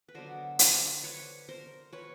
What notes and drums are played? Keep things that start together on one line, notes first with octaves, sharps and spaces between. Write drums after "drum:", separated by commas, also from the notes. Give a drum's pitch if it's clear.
B4
D3 F#3 B3 A#4 C5
C5 D5, drum: hi-hat
B4 C#5
A#4 C5
B4 C#5